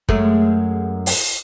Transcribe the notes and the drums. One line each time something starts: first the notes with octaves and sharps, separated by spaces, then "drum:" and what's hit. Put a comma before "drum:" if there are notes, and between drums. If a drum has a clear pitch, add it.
F#2 G#3 A3, drum: kick
drum: open hi-hat